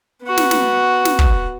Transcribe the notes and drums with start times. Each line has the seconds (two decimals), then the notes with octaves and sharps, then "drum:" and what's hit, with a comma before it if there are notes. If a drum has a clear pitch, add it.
0.24 B3 F#4
0.38 drum: snare
0.51 drum: snare
1.05 drum: snare
1.19 drum: kick